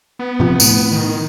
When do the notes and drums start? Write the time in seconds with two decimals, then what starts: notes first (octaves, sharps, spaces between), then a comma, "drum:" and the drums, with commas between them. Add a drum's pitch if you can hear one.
0.19 B3
0.40 C3 F3
0.60 A2, drum: tambourine
0.92 D#3